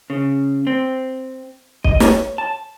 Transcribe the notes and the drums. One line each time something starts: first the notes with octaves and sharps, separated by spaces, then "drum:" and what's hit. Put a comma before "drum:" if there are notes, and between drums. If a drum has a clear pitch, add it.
C#3
C4
D#5, drum: kick
C#5, drum: snare
A5